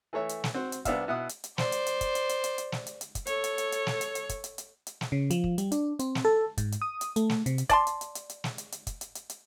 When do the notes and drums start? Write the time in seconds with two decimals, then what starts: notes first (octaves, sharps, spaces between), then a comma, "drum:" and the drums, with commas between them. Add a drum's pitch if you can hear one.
0.13 E3 A3 C#5 E5
0.29 drum: hi-hat
0.44 drum: snare
0.54 C4 F#4
0.72 drum: hi-hat
0.85 C2 B3 D4 E5 F5, drum: kick, hi-hat
1.08 B2 E4 F#5 D#6
1.29 drum: hi-hat
1.44 drum: hi-hat
1.58 C5 D5, drum: snare
1.72 drum: hi-hat
1.87 drum: hi-hat
2.01 drum: kick, hi-hat
2.15 drum: hi-hat
2.29 drum: hi-hat
2.44 drum: hi-hat
2.58 drum: hi-hat
2.72 drum: snare
2.87 drum: hi-hat
3.01 drum: hi-hat
3.15 drum: kick, hi-hat
3.27 A4 C#5, drum: hi-hat
3.44 drum: hi-hat
3.58 drum: hi-hat
3.72 drum: hi-hat
3.87 drum: snare
4.01 drum: hi-hat
4.15 drum: hi-hat
4.29 drum: kick, hi-hat
4.44 drum: hi-hat
4.58 drum: hi-hat
4.87 drum: hi-hat
5.01 drum: snare
5.12 C#3
5.30 F3, drum: hi-hat
5.44 drum: kick
5.58 G3, drum: hi-hat
5.72 D4, drum: hi-hat
5.99 C4, drum: hi-hat
6.15 drum: snare
6.25 A4
6.58 G#2, drum: kick, hi-hat
6.72 drum: hi-hat
6.82 D#6
7.01 drum: hi-hat
7.16 A3, drum: hi-hat
7.30 drum: snare
7.46 C3, drum: hi-hat
7.58 drum: hi-hat
7.69 D5 A5 C6, drum: kick, hi-hat
7.87 drum: hi-hat
8.01 drum: hi-hat
8.15 drum: hi-hat
8.30 drum: hi-hat
8.44 drum: snare
8.58 drum: hi-hat
8.72 drum: hi-hat
8.87 drum: kick, hi-hat
9.01 drum: hi-hat
9.15 drum: hi-hat
9.30 drum: hi-hat